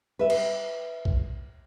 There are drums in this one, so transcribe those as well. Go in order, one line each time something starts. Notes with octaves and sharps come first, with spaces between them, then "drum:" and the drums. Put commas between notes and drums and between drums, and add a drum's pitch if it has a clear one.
B4 E5
drum: cymbal
drum: kick